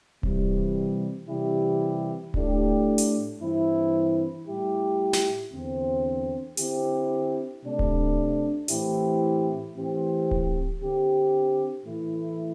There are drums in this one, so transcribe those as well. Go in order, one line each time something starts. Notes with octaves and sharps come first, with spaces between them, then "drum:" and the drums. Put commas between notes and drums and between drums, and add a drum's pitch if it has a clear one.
C3 E3 G3, drum: kick D1
C3 E3 G3 E4 G4
A2 A3 D4 G4, drum: kick D1
drum: hi-hat
G2 E3 C4 E4
A2 G3 E4 G4
drum: snare
E2 D3 C4
D3 C4 E4 G4, drum: hi-hat
C3 A3 D4
drum: kick D1
A2 E3 C4 E4 G4, drum: hi-hat
A2 E3 C4 G4
drum: kick D1
D3 C4 G4
A2 E3 A3 E4